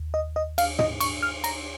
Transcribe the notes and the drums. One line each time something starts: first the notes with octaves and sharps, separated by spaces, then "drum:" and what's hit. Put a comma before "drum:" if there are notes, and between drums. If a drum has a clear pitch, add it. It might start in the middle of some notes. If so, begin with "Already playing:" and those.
Already playing: D#2
D#5
D#5
F5, drum: cymbal
D#5, drum: tom
C#6, drum: cymbal
F6
A#5, drum: cymbal